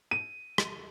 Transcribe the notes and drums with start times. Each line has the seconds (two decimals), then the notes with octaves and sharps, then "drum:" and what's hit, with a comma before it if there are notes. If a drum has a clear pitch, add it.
0.11 D#7
0.58 drum: rim click